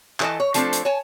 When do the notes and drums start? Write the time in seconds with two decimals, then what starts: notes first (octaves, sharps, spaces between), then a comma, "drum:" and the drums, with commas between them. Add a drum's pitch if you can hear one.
0.20 E3 A4 C5 D#5 A5, drum: clap
0.40 C#5
0.54 F3 A3 C4 D4 A4, drum: hi-hat
0.73 drum: hi-hat
0.85 C#5 G#5 A5